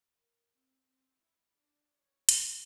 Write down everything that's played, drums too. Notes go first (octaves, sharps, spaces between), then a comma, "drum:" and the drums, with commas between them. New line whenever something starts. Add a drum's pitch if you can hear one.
A#4
C4
C4
E4
D4
C#5
B3, drum: hi-hat